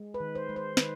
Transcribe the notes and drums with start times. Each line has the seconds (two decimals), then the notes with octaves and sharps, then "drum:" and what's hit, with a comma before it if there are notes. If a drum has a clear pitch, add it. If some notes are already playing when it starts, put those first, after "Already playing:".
Already playing: G#3
0.14 B4
0.20 D#3
0.35 C5
0.49 G#3
0.56 C5
0.77 D#3 B4, drum: snare